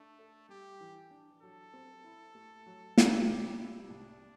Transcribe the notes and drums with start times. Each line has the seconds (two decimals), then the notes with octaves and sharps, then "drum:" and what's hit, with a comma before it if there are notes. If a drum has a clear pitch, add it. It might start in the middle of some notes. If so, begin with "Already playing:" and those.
Already playing: A3 D4
0.18 A4
0.49 G3 G4
0.80 E3
1.11 D4
1.42 F#3 A4
1.73 C4
2.04 E4
2.35 A3
2.66 F#3
2.98 C4, drum: snare
3.28 C2 G4
3.59 G3 E4
3.90 C2 D4